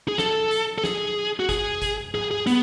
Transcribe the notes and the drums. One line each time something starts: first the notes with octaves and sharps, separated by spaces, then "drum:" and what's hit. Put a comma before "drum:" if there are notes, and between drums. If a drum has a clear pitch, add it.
G#4
A4, drum: snare
drum: hi-hat
A4
G#4, drum: snare
F#4
G#4, drum: kick, hi-hat
drum: kick, hi-hat
G#4, drum: tom G#2
G#4
B3, drum: hi-hat